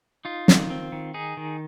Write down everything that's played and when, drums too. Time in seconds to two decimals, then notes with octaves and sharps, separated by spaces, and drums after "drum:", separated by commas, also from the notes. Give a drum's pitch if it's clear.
0.25 D#4 F4
0.48 D#3, drum: snare
0.70 C4
0.92 D#3
1.14 D#4 G#4
1.37 D#3